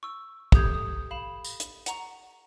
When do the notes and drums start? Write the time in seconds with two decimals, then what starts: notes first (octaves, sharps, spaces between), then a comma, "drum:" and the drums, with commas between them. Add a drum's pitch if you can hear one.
0.03 C#6 E6
0.52 G4 A4 D#6 G6 G#6, drum: kick
0.74 D#6
1.11 F5 B5 E7
1.44 drum: tambourine
1.60 drum: hi-hat
1.86 F#5 A#5 C#6, drum: hi-hat